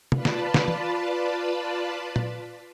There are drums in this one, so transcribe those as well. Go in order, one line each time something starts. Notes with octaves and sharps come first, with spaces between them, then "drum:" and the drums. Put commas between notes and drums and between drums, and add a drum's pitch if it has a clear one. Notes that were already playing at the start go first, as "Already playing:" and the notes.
F4 B4 D5 A5 B5, drum: tom
drum: snare
drum: snare
drum: tom
drum: tom A#2